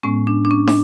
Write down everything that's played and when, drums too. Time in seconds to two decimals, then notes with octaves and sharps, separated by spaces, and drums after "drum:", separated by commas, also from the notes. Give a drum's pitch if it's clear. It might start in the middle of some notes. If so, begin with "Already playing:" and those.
0.03 A2 G#3 B3 C#4
0.27 D4
0.45 D4
0.51 C#4
0.67 D4, drum: snare